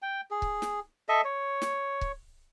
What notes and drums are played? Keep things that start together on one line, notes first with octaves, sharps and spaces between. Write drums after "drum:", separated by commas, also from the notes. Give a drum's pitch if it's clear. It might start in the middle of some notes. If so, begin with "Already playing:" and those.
G5
G#4
drum: kick C#1
drum: snare
A4 D#5 E5
C#5
drum: snare
drum: kick C#1